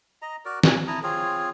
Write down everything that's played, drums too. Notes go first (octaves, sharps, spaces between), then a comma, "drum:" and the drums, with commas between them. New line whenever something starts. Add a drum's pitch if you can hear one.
D#5 A#5
F#4 A#4 D5
A#3 C#5 G#5, drum: snare
E4 A5 A#5 D#6
C4 F4 G#4 C#5